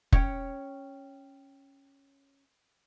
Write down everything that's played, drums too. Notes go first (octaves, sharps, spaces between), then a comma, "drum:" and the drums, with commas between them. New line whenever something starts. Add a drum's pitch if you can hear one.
C#4 C#5 G5, drum: kick F1